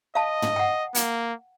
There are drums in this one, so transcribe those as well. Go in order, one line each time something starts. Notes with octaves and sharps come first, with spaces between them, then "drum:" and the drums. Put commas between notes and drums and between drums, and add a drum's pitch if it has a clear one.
D#5 F5 A5
drum: tom
F#5 G5
A#3, drum: hi-hat